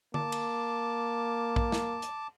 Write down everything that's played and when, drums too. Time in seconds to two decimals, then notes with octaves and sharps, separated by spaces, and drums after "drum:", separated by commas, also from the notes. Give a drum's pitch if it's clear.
0.14 A#3 A5 D6, drum: tom D3
0.32 drum: cymbal
1.56 drum: kick A#1
1.72 drum: snare
2.02 drum: hi-hat